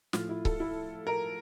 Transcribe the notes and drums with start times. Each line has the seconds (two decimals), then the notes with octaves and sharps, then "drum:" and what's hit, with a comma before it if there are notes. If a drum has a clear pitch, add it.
0.13 A2 F3 A3 F4, drum: snare
0.29 E4
0.45 A4, drum: kick C#1
0.60 E4
1.07 A#4